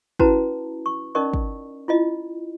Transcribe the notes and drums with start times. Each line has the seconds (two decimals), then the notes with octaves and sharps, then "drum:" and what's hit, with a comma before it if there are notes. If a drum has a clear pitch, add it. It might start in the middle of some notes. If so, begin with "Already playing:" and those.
0.19 C#4 E4 F#4 B4 A5 A#5, drum: kick
0.86 C#6
1.15 C#4 D#4 A#4 D5 D#5 C#6
1.34 drum: kick
1.88 E4 F4 D#5